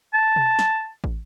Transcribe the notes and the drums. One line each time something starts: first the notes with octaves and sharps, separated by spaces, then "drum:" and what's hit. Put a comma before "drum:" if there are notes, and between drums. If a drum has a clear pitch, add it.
A5
drum: tom B2
drum: snare
drum: kick